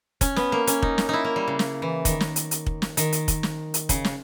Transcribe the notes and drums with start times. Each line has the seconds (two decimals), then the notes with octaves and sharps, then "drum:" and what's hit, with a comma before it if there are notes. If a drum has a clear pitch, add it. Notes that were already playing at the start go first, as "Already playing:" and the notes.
0.21 C#4, drum: kick, hi-hat
0.36 B3, drum: snare
0.52 A#3
0.67 C#4, drum: hi-hat
0.82 D#4, drum: kick
0.98 drum: snare
1.09 D#4 E4
1.25 A#3
1.36 G3
1.48 C#3
1.59 drum: snare
1.82 E3
2.05 D#3, drum: kick, hi-hat
2.20 drum: snare
2.36 drum: hi-hat
2.51 drum: hi-hat
2.66 drum: kick
2.82 drum: snare
2.97 D#3, drum: hi-hat
3.12 drum: hi-hat
3.28 drum: kick, hi-hat
3.43 drum: snare
3.74 drum: hi-hat
3.89 C#3, drum: kick, hi-hat
4.05 drum: snare